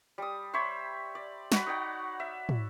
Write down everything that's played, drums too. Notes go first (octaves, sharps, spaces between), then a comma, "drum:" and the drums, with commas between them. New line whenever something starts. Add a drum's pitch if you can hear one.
G3 D#6
C5 C#5 E5 B5
D5
F#4 F#5 B5, drum: snare
D#4 C#5 D5 F#5
E5
drum: tom